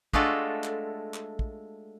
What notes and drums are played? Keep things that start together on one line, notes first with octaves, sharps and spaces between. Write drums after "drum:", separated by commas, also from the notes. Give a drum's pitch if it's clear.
G#3 A3 D4 F4 F#4 A4, drum: kick
drum: clap
drum: clap
drum: kick